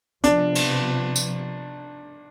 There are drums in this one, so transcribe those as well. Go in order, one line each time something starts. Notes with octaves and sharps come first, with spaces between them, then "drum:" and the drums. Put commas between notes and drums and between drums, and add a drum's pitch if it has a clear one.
C3 F3 B3 D4, drum: hi-hat
drum: cymbal
drum: tambourine